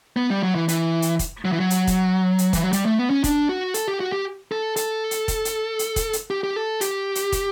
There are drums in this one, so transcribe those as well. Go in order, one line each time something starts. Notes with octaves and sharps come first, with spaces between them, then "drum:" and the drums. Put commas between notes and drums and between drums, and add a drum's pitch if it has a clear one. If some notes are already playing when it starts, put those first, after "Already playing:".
B3
G3
F#3
E3
E3, drum: hi-hat
drum: hi-hat
drum: kick, hi-hat
F#3
E3
F#3
drum: hi-hat
drum: kick, hi-hat
drum: hi-hat
E3, drum: kick, hi-hat
F#3
G3, drum: hi-hat
A3
B3
C#4
D4, drum: kick, hi-hat
F#4
A4, drum: hi-hat
G4
F#4
G4
A4
A4, drum: hi-hat
drum: hi-hat
drum: kick, hi-hat
drum: hi-hat
drum: hi-hat
drum: kick, hi-hat
drum: hi-hat
G4
G4
A4
G4, drum: hi-hat
drum: hi-hat
drum: kick, hi-hat